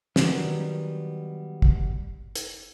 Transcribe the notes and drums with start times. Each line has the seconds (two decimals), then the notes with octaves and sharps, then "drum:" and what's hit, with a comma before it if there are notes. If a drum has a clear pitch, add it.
0.16 D#3 F#3 G3 B3 A#4, drum: snare
1.62 drum: kick
2.35 drum: hi-hat